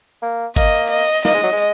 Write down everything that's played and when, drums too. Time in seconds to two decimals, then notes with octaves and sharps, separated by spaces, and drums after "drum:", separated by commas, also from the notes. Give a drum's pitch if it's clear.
0.22 A#3
0.56 A#3 D#5, drum: kick, hi-hat
0.90 D#5
1.25 A#3 D#5, drum: snare
1.34 G#3
1.43 F#3
1.52 G#3